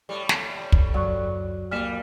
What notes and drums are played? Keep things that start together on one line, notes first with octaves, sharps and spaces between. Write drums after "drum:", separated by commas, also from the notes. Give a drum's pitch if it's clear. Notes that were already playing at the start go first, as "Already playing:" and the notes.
A2 G3
drum: snare
drum: kick
C#2 F#2 F#3 D5 C#6 F#6
F2 A#2 G3 F6 B6 E7